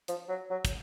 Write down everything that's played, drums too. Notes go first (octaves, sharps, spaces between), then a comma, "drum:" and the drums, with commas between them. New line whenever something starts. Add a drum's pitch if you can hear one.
F3, drum: hi-hat
F#3
F#3
drum: kick, hi-hat